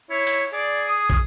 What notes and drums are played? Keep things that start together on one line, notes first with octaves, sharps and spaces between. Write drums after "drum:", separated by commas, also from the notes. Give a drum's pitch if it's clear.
E4 C#5
drum: cymbal
G#4 D5
D#6
drum: kick